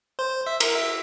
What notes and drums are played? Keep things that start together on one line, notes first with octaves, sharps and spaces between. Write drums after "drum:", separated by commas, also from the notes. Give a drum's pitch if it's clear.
C5
E5
A#4, drum: cymbal
E5